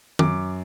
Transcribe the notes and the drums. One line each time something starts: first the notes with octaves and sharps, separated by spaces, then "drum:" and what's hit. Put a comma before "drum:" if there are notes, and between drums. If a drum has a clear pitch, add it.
F#2 D6, drum: tom D#3